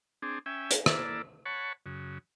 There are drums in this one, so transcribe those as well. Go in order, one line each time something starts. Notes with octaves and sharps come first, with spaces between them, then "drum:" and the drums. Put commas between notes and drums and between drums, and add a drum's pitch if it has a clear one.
C4 D4 G#4
C#4 E5 G5 G#5
drum: hi-hat
A#3 E4 A4 D5, drum: rim click
C#5 F#5 A5 B5 C#6
F#2 C#3